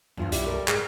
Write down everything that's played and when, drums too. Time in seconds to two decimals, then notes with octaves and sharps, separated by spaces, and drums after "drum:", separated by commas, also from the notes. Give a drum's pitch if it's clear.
0.17 E2 G2 F4 C5
0.32 B1 G3 E4, drum: hi-hat
0.47 A4 A#4
0.68 G#2 G#4 A#4 F6, drum: clap